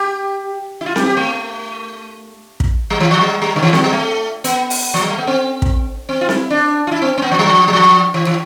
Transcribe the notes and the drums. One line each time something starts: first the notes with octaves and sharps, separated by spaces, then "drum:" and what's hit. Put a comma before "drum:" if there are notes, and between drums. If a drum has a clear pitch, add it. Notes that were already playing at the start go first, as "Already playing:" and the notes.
Already playing: G4
E4
F4
G4, drum: snare C4
G4
A3
drum: kick
G3
E3
F3
G3
G3
D3
E3
F3, drum: snare C4
G3
A3
B3, drum: hi-hat
drum: open hi-hat
F3
G3
A3
B3
C4
drum: kick
C4
F4
E4, drum: snare C4
D4
F4
E4
C4
C4
B3
F3
G3
F3
G3
F3
E3
E3